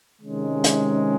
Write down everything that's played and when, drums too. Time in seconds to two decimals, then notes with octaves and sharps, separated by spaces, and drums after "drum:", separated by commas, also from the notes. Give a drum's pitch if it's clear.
0.20 C3 D#3 G#3 C#4
0.64 drum: hi-hat